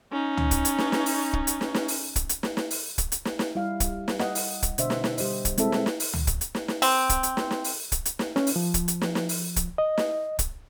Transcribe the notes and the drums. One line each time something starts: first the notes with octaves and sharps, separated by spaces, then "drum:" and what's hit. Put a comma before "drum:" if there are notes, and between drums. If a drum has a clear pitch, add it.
C#4 D#4
drum: tom C#2
drum: kick, hi-hat
drum: hi-hat
drum: snare
drum: snare
drum: open hi-hat
drum: kick
drum: hi-hat
drum: snare
drum: snare
drum: open hi-hat
drum: kick, hi-hat
drum: hi-hat
drum: snare
drum: snare
drum: open hi-hat
drum: kick, hi-hat
drum: hi-hat
drum: snare
drum: snare
G3 E4 G4 F5
drum: kick, hi-hat
drum: snare
D#5 F#5, drum: snare
drum: open hi-hat
drum: kick, hi-hat
B2 D3 D4 C5 D#5 E5, drum: hi-hat
drum: snare
drum: snare
G3 G4 C5 D#5, drum: open hi-hat
drum: kick, hi-hat
G#3 C4 E4 A4 E5, drum: hi-hat
drum: snare
drum: snare
drum: open hi-hat
drum: tom C#2
drum: kick, hi-hat
drum: hi-hat
drum: snare
drum: snare
C4, drum: open hi-hat
drum: kick, hi-hat
drum: hi-hat
drum: snare
drum: snare
drum: open hi-hat
drum: kick, hi-hat
drum: hi-hat
drum: snare
C#4, drum: snare
drum: open hi-hat
F3
drum: kick, hi-hat
drum: hi-hat
drum: snare
drum: snare
drum: open hi-hat
drum: kick, hi-hat
D#5
drum: snare
drum: kick, hi-hat